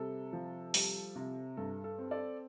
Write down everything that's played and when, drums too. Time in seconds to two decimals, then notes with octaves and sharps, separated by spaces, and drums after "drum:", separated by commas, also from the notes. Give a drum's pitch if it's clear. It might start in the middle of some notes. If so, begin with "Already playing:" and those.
Already playing: C3 G3 A4
0.33 F3
0.74 G3, drum: open hi-hat
1.16 C3
1.57 G2 A4
1.84 A4
1.98 C4
2.11 A4 D5